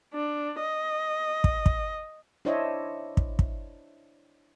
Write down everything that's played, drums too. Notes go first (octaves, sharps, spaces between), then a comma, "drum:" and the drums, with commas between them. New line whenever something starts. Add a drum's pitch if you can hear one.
D4
D#5
drum: kick
drum: kick
D4 E4 C5 C#5 D#5 E5
drum: kick
drum: kick